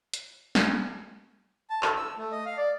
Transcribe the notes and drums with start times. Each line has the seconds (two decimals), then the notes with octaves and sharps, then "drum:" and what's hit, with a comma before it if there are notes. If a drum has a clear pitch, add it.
0.14 drum: hi-hat
0.55 drum: snare
1.70 A5
1.83 A4, drum: clap
1.96 E6
2.17 A3
2.32 D#5
2.45 F5
2.57 D5